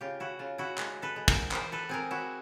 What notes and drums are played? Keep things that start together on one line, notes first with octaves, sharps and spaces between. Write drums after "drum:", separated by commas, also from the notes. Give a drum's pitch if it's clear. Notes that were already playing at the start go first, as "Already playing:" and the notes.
C#3 F4 G4
E4 F#4
C#3 F4
E4 F#4
G#3, drum: clap
A4 B4
G#3
A#4 C5, drum: kick, cymbal
E3 A#4 C5, drum: clap
A4 B4
C4 G#4 A#4
E4 F#4